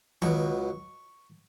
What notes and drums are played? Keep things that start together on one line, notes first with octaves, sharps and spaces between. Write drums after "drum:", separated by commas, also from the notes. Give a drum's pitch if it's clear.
C#2 B2 F#3 C#6, drum: tom D#3